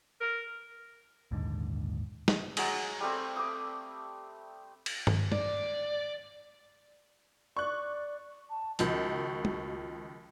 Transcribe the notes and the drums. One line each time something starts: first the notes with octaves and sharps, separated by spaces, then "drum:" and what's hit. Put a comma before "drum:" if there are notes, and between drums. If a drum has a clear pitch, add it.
A#4
A#1 D#2 G#2 D3
drum: snare
F#3 G#3, drum: cymbal
G3 A3 C4
D6 D#6
drum: cymbal
drum: tom
D5, drum: tom
D5 C#6 F#6
A5
C#2 D#3 F3 F#4, drum: hi-hat
drum: tom